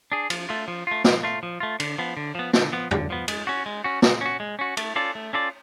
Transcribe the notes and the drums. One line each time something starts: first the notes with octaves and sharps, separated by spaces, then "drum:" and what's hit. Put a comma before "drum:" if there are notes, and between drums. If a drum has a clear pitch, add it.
D4 G#4
F3, drum: cymbal
A3 F4
F3
A3 F4
F3, drum: snare
A3 F4
F3
A3 F4
D3, drum: cymbal
F3 B3
D3
F3 B3
D3, drum: snare
F3 B3
D3, drum: tom E2
F3 B3
G#3, drum: cymbal
C#4 F#4
G#3
C#4 F#4
G#3, drum: snare
C#4 F#4
G#3
C#4 F#4
A3, drum: cymbal
C#4 F4 A4 D5
A3
C#4 F4 A4 D5